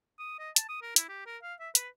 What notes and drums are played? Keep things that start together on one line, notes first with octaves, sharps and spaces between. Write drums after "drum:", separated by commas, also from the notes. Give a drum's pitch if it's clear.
D#6
D#5
A5, drum: hi-hat
D#6
A#4
E4, drum: hi-hat
G4
A#4
F5
E5
B4, drum: hi-hat